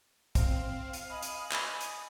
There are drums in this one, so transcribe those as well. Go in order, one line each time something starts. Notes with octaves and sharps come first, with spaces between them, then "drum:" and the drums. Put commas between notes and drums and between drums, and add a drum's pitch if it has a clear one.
C4 F5, drum: kick, hi-hat
drum: hi-hat
D#5 G#5 B5 D#6
drum: hi-hat
drum: clap
drum: hi-hat